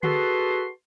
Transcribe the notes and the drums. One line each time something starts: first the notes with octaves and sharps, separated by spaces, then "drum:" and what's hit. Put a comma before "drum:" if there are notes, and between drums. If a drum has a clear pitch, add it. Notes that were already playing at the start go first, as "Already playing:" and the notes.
F#4 G#4 A4 B4 A5 C6, drum: tom D3